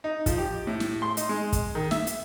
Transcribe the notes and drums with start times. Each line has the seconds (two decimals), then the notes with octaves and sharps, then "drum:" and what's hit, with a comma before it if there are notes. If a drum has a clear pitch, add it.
0.04 D#4
0.26 F3, drum: kick, hi-hat
0.38 G4
0.67 A2
0.80 drum: snare
1.02 C6
1.17 D#4, drum: hi-hat
1.29 G#3
1.53 drum: kick, hi-hat
1.75 D#3
1.91 E5, drum: snare
2.07 drum: hi-hat